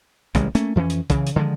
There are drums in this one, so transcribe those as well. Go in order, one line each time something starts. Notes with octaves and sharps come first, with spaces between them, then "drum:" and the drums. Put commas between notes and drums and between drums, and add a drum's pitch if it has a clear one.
A1 C#3 G3 G#3, drum: kick, hi-hat
A3 A#3 C#4, drum: hi-hat
F2 E3 B3 C#4
drum: hi-hat
C#3 E3, drum: kick, hi-hat
drum: hi-hat
D3 D#3 F3 G#3